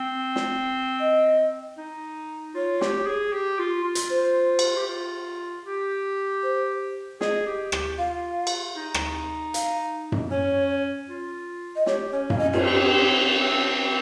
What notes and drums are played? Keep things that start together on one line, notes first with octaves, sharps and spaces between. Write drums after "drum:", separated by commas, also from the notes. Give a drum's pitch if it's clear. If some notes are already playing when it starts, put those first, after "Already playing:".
Already playing: C4
drum: snare
D#5
D#4
F4 C#5
G4, drum: snare
G#4
G4
F4
F4
drum: hi-hat
C5
drum: cymbal
G4
F4
G4
C5
G#4 D#5, drum: snare
G4
G4, drum: rim click
F4 F5
drum: cymbal
D#4
drum: rim click
F5, drum: hi-hat
drum: tom F#2
C#4 C#5
F4
D#5
G4 C#5, drum: snare
C#4 C#5
F5, drum: tom F#2
C#4 D#5
F4, drum: cymbal
C4 G4
C4